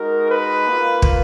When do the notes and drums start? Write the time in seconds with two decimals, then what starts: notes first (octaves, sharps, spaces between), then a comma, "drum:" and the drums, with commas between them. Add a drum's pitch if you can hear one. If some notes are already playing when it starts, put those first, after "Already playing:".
Already playing: G#3 D#4 F#4 A#4
0.29 B4
0.66 A#3 F4
1.02 drum: kick